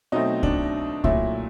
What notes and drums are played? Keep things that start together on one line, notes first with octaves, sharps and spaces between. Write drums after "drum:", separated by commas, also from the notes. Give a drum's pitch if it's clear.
B2 F#3 A3 C4 D#4
D4, drum: kick C2
A#2 F#3 A3 E4, drum: kick C2